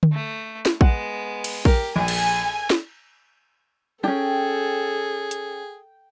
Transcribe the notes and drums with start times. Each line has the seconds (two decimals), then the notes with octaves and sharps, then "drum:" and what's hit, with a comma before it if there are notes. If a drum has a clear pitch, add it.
0.03 drum: tom D3
0.12 A3
0.65 drum: snare
0.81 G#3 B3 F#5, drum: kick
1.44 drum: cymbal
1.65 G4 A#4, drum: kick
1.96 A#1 G#4 A4 G#5
2.08 drum: cymbal
2.70 drum: snare
4.04 C#4 D4 G#4 A4 G5
5.31 drum: hi-hat